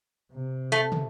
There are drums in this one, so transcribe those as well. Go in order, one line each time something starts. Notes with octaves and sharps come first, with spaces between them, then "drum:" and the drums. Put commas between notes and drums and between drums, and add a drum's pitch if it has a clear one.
C3
A3, drum: hi-hat
drum: tom